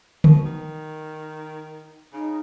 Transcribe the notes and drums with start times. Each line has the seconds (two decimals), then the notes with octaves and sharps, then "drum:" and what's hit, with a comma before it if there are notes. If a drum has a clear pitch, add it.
0.24 B2, drum: tom D3
0.46 D#3
2.13 C#3 D#4